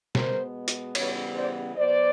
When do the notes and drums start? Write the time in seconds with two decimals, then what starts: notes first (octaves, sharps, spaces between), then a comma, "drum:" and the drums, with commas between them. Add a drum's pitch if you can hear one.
0.15 B2 G#3 B3 A#4 C5, drum: snare
0.68 drum: hi-hat
0.95 C#3 E3 G3 B3 B4 C#5, drum: cymbal
1.35 C5 D5
1.76 B2 F#3 B3 C5 D5